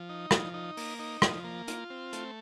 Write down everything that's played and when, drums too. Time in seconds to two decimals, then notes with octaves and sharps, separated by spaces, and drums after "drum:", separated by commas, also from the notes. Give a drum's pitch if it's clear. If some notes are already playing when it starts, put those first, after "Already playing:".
Already playing: F3
0.09 D#4
0.31 F3, drum: rim click
0.54 D#4
0.77 A#3, drum: open hi-hat
0.99 D#4
1.22 F3, drum: rim click
1.44 A#3
1.68 F4, drum: hi-hat
1.90 C4
2.13 A3, drum: hi-hat